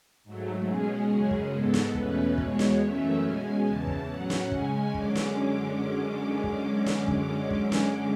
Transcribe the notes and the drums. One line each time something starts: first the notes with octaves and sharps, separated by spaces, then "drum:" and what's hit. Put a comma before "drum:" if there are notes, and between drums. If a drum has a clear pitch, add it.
G#2 F#3 A3
B2 G#3 C#4 G#4
F#2 C#3 G#3 C#4
drum: kick
G#2 G#3 B3 A4
drum: snare
E2 B2 A3 C#4 B4, drum: kick
E2 B2 G#3 C#5, drum: kick
drum: snare
F#2 E3 A3 C#4 E5
B2 G#3 C#4 G#5
E2 C#3 E3 A5
drum: kick
A2 F#3 C#4 F#5
drum: snare
C#3 G#3 C#4 G#5, drum: kick
F#2 D3 G#3 C#4 D6, drum: kick
drum: snare
drum: kick
drum: snare
drum: kick
drum: kick
drum: snare